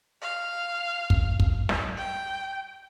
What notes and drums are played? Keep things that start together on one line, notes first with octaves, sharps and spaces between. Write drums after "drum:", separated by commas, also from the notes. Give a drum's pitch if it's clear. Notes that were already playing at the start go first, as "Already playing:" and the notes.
F5
drum: kick
drum: kick
drum: snare
G5